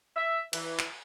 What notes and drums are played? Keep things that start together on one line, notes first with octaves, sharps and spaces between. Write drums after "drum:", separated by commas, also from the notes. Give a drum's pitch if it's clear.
E5
E3, drum: cymbal
drum: clap